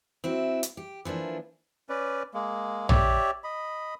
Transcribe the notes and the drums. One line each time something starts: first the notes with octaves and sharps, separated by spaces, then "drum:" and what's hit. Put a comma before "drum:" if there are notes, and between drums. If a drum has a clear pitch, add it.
C4 E4 F#4
drum: hi-hat
G4
E3 F3 A#3 D4
C#4 B4 D5
G#3 A#3
G4 C#5 D5 E5, drum: tom A#1
D#5 B5